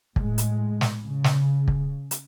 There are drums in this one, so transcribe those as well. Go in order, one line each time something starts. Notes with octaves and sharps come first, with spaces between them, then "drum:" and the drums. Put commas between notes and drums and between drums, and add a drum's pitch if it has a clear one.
A2 G#3, drum: kick
drum: hi-hat
drum: snare
C#3
drum: snare
drum: kick
drum: hi-hat